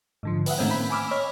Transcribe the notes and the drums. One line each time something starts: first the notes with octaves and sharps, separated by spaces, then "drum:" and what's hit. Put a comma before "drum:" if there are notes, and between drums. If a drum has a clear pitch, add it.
G#2 D3 F3
B4 D#5 E5 F#5, drum: open hi-hat
A2 D#3 A3 A#3 C4 C#4
B5
G#5 B5 D6 E6 F6
C#5 D#5 B5 F6